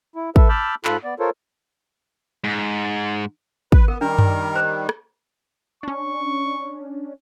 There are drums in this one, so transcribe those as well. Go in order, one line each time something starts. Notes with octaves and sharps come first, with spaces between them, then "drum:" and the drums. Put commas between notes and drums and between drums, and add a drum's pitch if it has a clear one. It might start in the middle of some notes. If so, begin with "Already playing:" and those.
E4
A4 B4 E5, drum: kick
A5 B5 D6 E6 F6 G6
G#2 F4 A4 B5 F#6, drum: clap
B3 D5
F4 A4 A#4 C5 C#5
G#2
B4, drum: kick
B3 A#4
D#3 G3 D4 A#4
drum: tom F#2
C5 A#5
drum: rim click
C#4 D4 C#6